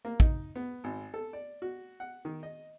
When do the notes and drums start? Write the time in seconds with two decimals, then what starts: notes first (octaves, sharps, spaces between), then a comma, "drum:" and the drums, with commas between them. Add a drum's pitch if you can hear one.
0.05 A#3
0.20 D#4, drum: kick
0.56 B3
0.84 G#1
1.14 A4
1.33 D5
1.62 F#4
2.00 F#5
2.25 D#3
2.43 D#5